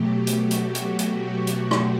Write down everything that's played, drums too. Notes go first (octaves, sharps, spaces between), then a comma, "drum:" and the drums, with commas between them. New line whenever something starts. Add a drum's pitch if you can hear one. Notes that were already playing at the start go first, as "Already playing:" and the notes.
Already playing: B2 F#3 A3 G4
F#4, drum: hi-hat
drum: hi-hat
drum: hi-hat
F#4, drum: hi-hat
drum: hi-hat
drum: rim click